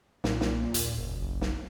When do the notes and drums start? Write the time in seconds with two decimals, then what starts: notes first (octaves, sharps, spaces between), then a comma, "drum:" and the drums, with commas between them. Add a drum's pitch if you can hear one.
0.24 B1 A#2, drum: snare
0.41 drum: snare
0.74 D#2, drum: hi-hat
0.98 F#1
1.22 B1
1.41 drum: snare